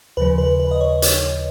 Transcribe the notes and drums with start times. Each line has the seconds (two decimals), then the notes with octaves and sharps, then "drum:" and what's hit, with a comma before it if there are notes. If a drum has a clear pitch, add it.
0.17 D#2 C#3 F3 B4
0.38 B4
0.60 B4
0.71 D#5
0.81 C#5
1.02 C#5, drum: hi-hat